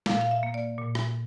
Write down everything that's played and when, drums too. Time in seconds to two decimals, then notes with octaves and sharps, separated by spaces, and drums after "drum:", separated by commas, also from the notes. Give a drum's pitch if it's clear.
0.06 A#2 F5, drum: snare
0.21 F5
0.31 E5
0.43 A#3
0.54 D5
0.78 A#2
0.95 drum: rim click